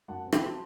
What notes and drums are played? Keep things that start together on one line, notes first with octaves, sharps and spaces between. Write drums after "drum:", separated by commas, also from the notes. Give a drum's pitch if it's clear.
F#2 F#5 A5
C4
G5 B5, drum: rim click
F#3 A5 C6